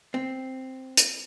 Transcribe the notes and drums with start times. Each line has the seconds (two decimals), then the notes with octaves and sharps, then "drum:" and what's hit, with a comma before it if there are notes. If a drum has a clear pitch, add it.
0.14 C4
0.97 drum: hi-hat